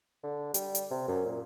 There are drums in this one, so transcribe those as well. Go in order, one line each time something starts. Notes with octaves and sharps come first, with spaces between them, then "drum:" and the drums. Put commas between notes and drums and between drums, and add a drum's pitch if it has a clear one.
D3
G3, drum: hi-hat
drum: hi-hat
C3
F#2
A#2